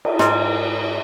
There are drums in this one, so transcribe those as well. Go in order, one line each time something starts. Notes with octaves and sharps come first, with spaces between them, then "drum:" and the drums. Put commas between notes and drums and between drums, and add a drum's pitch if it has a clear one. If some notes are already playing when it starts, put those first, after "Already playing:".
drum: cymbal
G#2, drum: snare